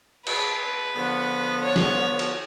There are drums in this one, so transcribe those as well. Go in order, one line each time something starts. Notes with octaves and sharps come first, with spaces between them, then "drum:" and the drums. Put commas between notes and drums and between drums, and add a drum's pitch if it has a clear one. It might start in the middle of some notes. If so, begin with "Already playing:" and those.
B4, drum: cymbal
D3 F3 B3
C#5
drum: snare
drum: cymbal